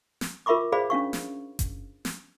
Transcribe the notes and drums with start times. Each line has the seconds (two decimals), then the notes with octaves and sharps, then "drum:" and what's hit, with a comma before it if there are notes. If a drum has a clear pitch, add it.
0.21 drum: snare
0.46 F4 A#4 E5 B5 C#6 D6
0.72 G#4 C5 D5 F5 B5
0.90 C#4 D4 F5 C#6
1.13 drum: snare
1.59 drum: kick F#1, hi-hat
2.05 drum: snare